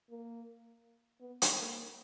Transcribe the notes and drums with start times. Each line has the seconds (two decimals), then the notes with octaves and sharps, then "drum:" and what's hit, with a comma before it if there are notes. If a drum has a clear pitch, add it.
0.10 A#3
1.21 B3
1.42 drum: hi-hat
1.58 A#3